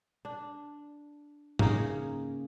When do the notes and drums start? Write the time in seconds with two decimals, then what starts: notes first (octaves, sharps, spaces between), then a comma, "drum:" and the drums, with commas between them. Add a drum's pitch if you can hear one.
0.25 D4
1.59 C#3 A#3 C#4 D#4, drum: tom G#2